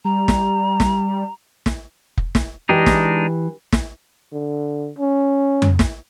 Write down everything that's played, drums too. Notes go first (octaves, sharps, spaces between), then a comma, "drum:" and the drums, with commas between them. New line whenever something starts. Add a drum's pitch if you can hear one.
G3 A#5
drum: snare
drum: snare
drum: snare
drum: kick F1
drum: snare
E3 G#3 D4 D#4 G4
drum: snare
drum: snare
D3
C#4
drum: tom F2
drum: snare